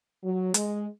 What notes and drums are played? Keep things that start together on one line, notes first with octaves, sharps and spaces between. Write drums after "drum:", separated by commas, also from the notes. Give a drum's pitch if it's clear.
F#3
G#3, drum: hi-hat